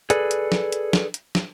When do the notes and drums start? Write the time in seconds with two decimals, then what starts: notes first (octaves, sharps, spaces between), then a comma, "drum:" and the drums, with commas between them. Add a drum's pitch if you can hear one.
0.10 G#4 A4 B4 D5, drum: hi-hat
0.31 drum: hi-hat
0.52 drum: snare
0.72 drum: hi-hat
0.93 drum: snare
1.14 drum: hi-hat
1.35 drum: snare